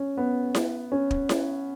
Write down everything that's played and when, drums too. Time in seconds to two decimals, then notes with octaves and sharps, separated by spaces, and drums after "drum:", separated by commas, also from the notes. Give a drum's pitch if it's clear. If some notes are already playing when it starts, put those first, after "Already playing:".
Already playing: C#4
0.17 B3
0.55 drum: snare E4
0.92 C#4
1.11 drum: kick
1.29 drum: snare E4